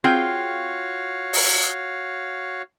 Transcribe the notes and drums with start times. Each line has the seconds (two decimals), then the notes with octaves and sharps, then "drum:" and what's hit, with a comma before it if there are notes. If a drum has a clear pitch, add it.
0.04 C4 F4 F#4 G#4 C#5 F5 G5
1.33 drum: open hi-hat